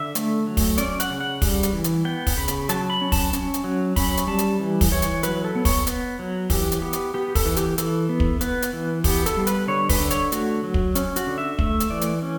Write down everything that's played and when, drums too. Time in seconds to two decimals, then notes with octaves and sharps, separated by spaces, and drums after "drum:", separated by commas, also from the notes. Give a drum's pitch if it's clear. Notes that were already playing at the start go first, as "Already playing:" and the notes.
Already playing: D3 E5
0.15 A3, drum: hi-hat
0.47 F#3
0.57 drum: kick, open hi-hat
0.78 C#4 D5, drum: hi-hat
1.00 F#5, drum: hi-hat
1.10 C#3
1.20 F#5
1.42 G3, drum: kick, open hi-hat
1.63 drum: hi-hat
1.73 E3
1.84 drum: hi-hat
2.05 B3 G5
2.27 drum: kick, open hi-hat
2.37 C#3 B5
2.48 drum: hi-hat
2.69 F#3 A5, drum: hi-hat
2.90 B5
3.01 C#4
3.12 A5, drum: kick, open hi-hat
3.33 C#4, drum: hi-hat
3.54 drum: hi-hat
3.64 F#3
3.96 C#4 B5, drum: kick, open hi-hat
4.17 drum: hi-hat
4.27 G3 A5
4.39 drum: hi-hat
4.60 E3
4.81 drum: kick, open hi-hat
4.92 E3 C#5
5.02 drum: hi-hat
5.23 F#3 B4, drum: hi-hat
5.45 A4
5.55 B3
5.65 C#5, drum: kick, open hi-hat
5.87 B3, drum: hi-hat
6.19 F#3
6.50 E3 G4, drum: kick, open hi-hat
6.72 drum: hi-hat
6.82 B3 G4
6.93 drum: hi-hat
7.14 B3 G4
7.35 A4, drum: kick, open hi-hat
7.46 E3
7.57 G4, drum: hi-hat
7.78 E3 A4, drum: hi-hat
8.09 B3
8.20 drum: kick
8.41 B3 B4, drum: hi-hat
8.62 drum: hi-hat
8.73 E3
9.04 B3 G4, drum: kick, open hi-hat
9.26 A4, drum: hi-hat
9.37 G3
9.47 B4, drum: hi-hat
9.68 D3 C#5
9.89 B4, drum: kick, open hi-hat
10.00 D3
10.11 C#5, drum: hi-hat
10.32 A3 F#4, drum: hi-hat
10.64 F#3
10.74 drum: kick
10.95 C#4, drum: hi-hat
11.16 F#4, drum: hi-hat
11.27 D3
11.38 E5
11.59 A3 E5, drum: kick
11.80 drum: hi-hat
11.90 E3 D5
12.01 drum: hi-hat
12.22 C#4